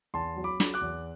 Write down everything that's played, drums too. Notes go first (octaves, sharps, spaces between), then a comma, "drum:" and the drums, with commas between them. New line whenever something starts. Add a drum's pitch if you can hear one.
E2 A5 C6
F#3
B5 D6
F#3, drum: snare
D6 F#6
E2